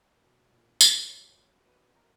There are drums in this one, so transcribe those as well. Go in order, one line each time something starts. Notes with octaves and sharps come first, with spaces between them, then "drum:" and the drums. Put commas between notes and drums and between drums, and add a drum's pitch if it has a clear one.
B2
A#2
E4 B4, drum: tambourine
B4
F#3 C#5
F#3
F#3 B4
F#3 A#4